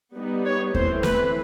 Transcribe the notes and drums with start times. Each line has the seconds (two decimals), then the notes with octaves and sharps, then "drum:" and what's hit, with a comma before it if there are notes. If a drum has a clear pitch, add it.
0.16 G3 B3 D#4
0.45 C#5
0.74 E3 A3 C4 C5, drum: kick D#2
1.03 B4, drum: snare